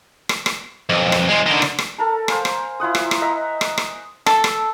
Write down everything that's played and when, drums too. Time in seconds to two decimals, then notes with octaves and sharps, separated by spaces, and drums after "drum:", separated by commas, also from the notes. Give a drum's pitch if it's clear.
0.29 drum: rim click
0.46 drum: rim click
0.89 B1 F2
1.12 drum: rim click
1.29 F3 G#3
1.46 D3 D#3
1.62 drum: rim click
1.79 drum: rim click
1.98 A4 A#4 A5
2.28 C5 F5 G#5, drum: rim click
2.45 drum: rim click
2.80 E4 F4 F#5 D#6
2.95 drum: rim click
3.11 drum: rim click
3.21 D#5 E5 A#5
3.61 drum: rim click
3.78 drum: rim click
4.26 A4, drum: rim click
4.44 drum: rim click